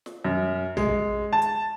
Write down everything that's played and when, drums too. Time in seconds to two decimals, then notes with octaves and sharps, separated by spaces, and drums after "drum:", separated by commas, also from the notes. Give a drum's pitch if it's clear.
0.06 drum: snare
0.24 F#2
0.77 G#3, drum: tom A#1
1.33 A5
1.42 drum: hi-hat